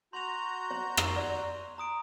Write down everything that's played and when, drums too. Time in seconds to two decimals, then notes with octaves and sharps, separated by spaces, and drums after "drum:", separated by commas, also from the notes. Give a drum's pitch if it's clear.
0.13 F#4 A#5 C6 G6 F7
0.71 C#5
0.97 drum: rim click
1.16 D5
1.78 A#5 D#6 D7